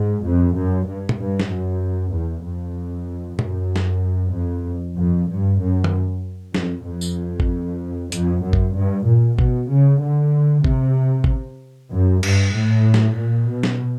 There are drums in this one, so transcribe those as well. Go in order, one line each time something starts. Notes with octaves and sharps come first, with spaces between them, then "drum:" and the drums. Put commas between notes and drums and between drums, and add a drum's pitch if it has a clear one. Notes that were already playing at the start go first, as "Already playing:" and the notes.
Already playing: G#2
F2
F#2
G2
drum: tom A#2
G2
drum: snare
F#2
E2
F2
F#2, drum: tom A#2
drum: snare
F2
F2
G2
F#2
drum: tom
F2, drum: snare
F2
drum: tambourine
drum: kick G#1
F2, drum: hi-hat
F#2
drum: kick G#1
G2
A#2
B2, drum: kick G#1
C#3
D3
C3, drum: kick G#1
drum: kick G#1
F#2
G2, drum: cymbal
A2
drum: snare
A#2
B2
drum: snare